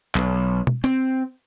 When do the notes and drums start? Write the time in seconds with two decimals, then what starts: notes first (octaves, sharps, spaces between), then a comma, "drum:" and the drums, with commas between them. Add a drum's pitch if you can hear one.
0.15 B1, drum: clap
0.67 drum: tom
0.84 C4, drum: hi-hat